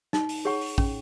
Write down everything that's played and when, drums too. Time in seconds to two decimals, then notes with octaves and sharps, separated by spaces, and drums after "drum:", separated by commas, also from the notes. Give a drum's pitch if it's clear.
0.13 D#4, drum: snare
0.29 drum: open hi-hat
0.45 G#4 C#5 F#5 C#6
0.61 drum: open hi-hat
0.78 C#4, drum: kick